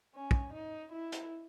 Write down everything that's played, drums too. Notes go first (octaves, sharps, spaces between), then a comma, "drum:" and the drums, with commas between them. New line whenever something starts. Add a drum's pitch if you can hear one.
C#4
drum: kick
D#4
E4
drum: hi-hat